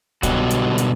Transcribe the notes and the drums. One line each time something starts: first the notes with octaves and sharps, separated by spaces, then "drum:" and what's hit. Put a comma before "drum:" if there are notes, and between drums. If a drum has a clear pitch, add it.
B2 D3 F#3 G3 F#4, drum: kick C2, hi-hat
drum: hi-hat
drum: hi-hat